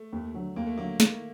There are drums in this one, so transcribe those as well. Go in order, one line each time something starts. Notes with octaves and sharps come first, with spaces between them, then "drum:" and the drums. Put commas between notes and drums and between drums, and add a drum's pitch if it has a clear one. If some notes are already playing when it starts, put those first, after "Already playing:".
Already playing: A3
D#2
D3 F#3
D#2 A#3
A3
D3 F#3 A#3
D#3, drum: snare